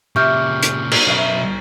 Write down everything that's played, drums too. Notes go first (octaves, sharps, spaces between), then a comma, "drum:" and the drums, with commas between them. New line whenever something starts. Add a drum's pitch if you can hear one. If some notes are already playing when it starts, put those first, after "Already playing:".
A#2 C#3 G4 E5 C#6 F6 G6
drum: hi-hat
drum: cymbal
B1 F#2 B4 E5